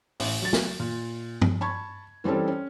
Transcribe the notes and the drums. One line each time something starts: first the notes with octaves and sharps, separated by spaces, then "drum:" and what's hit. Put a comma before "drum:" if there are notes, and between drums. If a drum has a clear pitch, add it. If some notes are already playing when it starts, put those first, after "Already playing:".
A1, drum: open hi-hat
F#3 A6
drum: snare
A#2
drum: tom G2
A5 B5 C#6 G#6
E3 G3 C4 C#4 A4
C#4